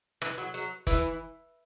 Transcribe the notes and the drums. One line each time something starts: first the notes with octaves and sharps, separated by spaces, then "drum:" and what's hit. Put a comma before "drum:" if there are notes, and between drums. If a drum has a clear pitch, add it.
E3, drum: rim click
F#3
F#3
E3, drum: kick F#1, hi-hat